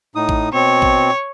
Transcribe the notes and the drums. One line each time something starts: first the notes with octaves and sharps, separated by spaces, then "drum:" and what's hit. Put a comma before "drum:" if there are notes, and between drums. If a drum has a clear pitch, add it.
A2 D#4 D#6
drum: kick A1
B2 C4 C#5
drum: kick A1